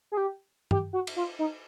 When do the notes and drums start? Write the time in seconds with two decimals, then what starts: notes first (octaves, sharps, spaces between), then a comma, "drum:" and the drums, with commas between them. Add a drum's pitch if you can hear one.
0.12 G#4
0.17 G4
0.71 G4, drum: tom G2
0.93 F#4
1.07 drum: cymbal
1.16 F4
1.39 D#4